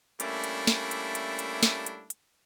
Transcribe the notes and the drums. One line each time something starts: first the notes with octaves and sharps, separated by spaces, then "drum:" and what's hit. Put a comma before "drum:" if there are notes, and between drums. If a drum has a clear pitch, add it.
G3 A3 A#3 C#4 D4 E4, drum: hi-hat
drum: hi-hat
drum: snare
drum: hi-hat
drum: hi-hat
drum: hi-hat
drum: snare
drum: hi-hat
drum: hi-hat